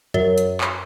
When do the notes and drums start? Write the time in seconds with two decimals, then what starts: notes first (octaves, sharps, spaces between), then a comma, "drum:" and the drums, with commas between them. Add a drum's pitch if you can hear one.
0.14 F#2
0.38 drum: hi-hat
0.61 drum: clap